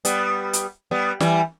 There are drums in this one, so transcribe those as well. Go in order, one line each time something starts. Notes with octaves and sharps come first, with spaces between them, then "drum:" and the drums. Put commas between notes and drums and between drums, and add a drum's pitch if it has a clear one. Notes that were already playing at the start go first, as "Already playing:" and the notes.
G3 B3, drum: hi-hat
drum: hi-hat
G3 B3
E3 G3, drum: snare